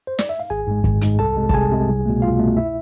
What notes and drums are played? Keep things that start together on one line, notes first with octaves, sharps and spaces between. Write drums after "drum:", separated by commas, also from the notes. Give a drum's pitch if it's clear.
C5
D5, drum: snare
E5
F5
G#1 G#4 G#5
G#2 G#3
G#1, drum: kick
G#2 G#3, drum: hi-hat
C2 A4 A5
C3 G#3
A5, drum: kick
C2 G#4 G#5
C3 G#3
C2
B2 A3
C2 F4 F5
B2 A3
E4 E5